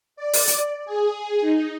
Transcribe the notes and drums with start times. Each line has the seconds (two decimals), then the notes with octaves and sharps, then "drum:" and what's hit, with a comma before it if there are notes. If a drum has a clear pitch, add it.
0.16 D5
0.33 drum: open hi-hat
0.47 drum: hi-hat
0.85 G#4
1.41 D#4